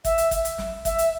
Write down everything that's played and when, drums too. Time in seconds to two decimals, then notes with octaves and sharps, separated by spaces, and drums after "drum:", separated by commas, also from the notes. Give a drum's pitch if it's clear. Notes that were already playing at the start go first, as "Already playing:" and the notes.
0.05 E5, drum: kick, hi-hat
0.18 drum: hi-hat
0.31 drum: kick, hi-hat
0.45 drum: hi-hat
0.58 drum: snare
0.85 E5, drum: kick, hi-hat
0.99 drum: hi-hat